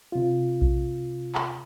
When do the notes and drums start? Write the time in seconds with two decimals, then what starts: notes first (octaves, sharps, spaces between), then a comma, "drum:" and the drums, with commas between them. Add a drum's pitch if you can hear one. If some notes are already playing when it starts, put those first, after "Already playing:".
0.12 C3 F4
0.61 drum: kick B1
1.35 drum: clap